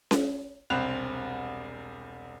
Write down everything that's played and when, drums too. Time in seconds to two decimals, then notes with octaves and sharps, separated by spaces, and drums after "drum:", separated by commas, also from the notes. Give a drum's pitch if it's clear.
0.11 drum: snare C#4
0.70 E1 C2 C4 B5 F#6 F7